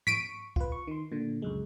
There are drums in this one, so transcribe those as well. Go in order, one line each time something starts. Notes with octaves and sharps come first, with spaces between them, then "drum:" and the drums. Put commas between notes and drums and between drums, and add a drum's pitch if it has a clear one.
C#6 B6 D7 D#7, drum: tom G#2
F4 B4, drum: kick
C#6
D#3 C6
A#2 D3
C#2 F#2 G#3